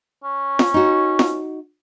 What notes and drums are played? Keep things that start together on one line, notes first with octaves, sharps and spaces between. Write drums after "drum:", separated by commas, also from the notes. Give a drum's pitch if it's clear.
C#4
drum: snare
D#4 F#4
drum: snare